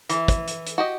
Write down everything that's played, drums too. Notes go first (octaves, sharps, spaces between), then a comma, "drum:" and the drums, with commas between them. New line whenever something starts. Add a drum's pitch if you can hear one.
E3, drum: hi-hat
drum: kick, hi-hat
drum: hi-hat
drum: hi-hat
F#4 G4 D#5